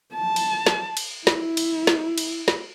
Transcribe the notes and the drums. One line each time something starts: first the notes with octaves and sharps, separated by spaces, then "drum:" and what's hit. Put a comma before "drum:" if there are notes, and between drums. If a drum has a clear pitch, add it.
A5
drum: cymbal
drum: snare
drum: cymbal
E4, drum: snare
drum: cymbal
drum: snare
drum: cymbal
drum: snare